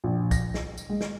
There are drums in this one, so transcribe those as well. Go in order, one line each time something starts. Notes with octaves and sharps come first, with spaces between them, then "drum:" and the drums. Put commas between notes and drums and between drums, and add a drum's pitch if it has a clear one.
A#1
A#6, drum: kick A#1, tambourine
drum: snare
drum: tambourine
G#3
drum: snare